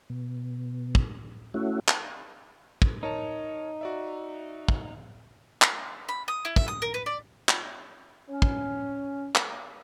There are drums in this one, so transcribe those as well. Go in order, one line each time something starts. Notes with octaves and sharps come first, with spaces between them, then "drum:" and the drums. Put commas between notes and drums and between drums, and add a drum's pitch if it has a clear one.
B2
drum: kick
A3 C#4 E4 F#4
drum: clap
drum: kick
D#4 A#4 C#5 A5
F#4 D5 E5
drum: kick
drum: clap
B5
D#6
E4
E5, drum: kick
D#6
A#4
B4
D5
drum: clap
C#4
drum: kick
drum: clap